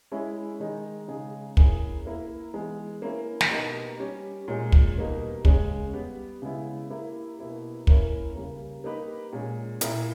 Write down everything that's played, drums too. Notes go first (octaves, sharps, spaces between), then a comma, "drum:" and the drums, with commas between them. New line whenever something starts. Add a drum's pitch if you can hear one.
G#3 C#4 E4
D#3 G#3 D#4
C#3 G#3 D#4 G#4
A#3 C#4 E4 G#4, drum: kick
A#3 E4 A#4
E3 G#3 B3
A#3 C#4 E4
drum: snare
B2 A#3 D#4 G4
G3 C#4 G4
A#2 G#3 C#4
drum: kick
B2 G3 A#3 D#4
C#3 G#3 C#4, drum: kick
G3 B3 G4
C#3 G#3 B3 E4
A#3 E4 G4
B2 A#3 E4 G4
A#3 C#4 E4 A#4, drum: kick
C#3 G3 A#3
A#3 D#4 G4 B4
A#2 G#3 C#4
A#2 A#3 E4 A#4, drum: hi-hat